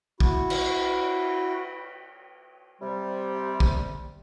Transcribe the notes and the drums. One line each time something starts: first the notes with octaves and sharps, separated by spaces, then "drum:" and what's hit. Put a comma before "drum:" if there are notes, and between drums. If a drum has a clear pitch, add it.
E4 F#4, drum: kick A#1
drum: cymbal
C3 G3
drum: kick A#1